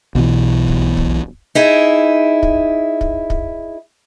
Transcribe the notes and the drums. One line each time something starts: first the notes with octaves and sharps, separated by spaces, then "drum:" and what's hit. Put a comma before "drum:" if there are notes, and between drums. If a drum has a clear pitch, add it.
B1 B2 D3 E3
drum: kick
drum: kick
D#4 E4 G#4
drum: kick
drum: kick
drum: kick